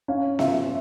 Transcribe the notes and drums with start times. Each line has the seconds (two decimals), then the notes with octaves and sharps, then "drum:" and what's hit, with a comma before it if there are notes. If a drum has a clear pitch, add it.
0.08 C#4 F5
0.39 F4 E5, drum: snare B3